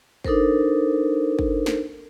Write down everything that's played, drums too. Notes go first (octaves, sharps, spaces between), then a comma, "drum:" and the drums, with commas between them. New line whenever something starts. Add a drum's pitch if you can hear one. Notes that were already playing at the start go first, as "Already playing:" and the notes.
D4 D#4 A4 A#4 C5, drum: kick
drum: kick
drum: snare